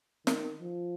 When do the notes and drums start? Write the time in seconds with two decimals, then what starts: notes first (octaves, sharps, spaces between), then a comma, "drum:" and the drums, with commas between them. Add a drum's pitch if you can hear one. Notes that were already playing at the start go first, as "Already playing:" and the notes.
0.27 D#3, drum: snare
0.61 F3